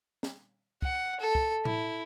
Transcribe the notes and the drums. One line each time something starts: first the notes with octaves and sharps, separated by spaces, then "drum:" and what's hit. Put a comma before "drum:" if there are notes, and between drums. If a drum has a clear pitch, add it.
drum: snare
F#5, drum: kick
A4
drum: kick
E4, drum: tom A2